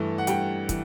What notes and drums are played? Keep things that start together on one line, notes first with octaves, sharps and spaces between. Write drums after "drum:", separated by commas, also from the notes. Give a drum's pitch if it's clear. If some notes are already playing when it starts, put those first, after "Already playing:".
Already playing: G2 E3 A3
F#5
G2 G5, drum: hi-hat
E3, drum: kick, hi-hat